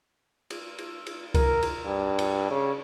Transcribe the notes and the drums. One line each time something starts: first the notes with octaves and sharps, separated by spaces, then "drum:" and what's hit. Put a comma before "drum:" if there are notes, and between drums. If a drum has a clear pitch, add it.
drum: cymbal
drum: cymbal
drum: cymbal
A#4, drum: kick C2, cymbal
drum: cymbal
G2
drum: cymbal
C#3